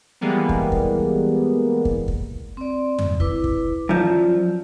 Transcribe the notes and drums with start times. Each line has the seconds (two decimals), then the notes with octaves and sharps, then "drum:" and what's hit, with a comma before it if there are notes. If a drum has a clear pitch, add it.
0.21 E3 G3 G#3 A#3 B3
0.49 drum: kick
0.72 drum: kick
1.85 drum: kick
2.08 drum: kick
2.57 C4 D5
2.99 drum: tom F2
3.20 E4 B4 D6, drum: kick
3.44 drum: kick
3.89 F#2 F3 D5